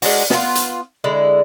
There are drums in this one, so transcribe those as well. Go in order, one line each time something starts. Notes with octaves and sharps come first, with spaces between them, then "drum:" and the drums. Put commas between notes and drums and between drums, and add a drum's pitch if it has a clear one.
G#3 C4 D4 F#4, drum: open hi-hat
B3 F4, drum: snare
drum: hi-hat
D3 G#3 E4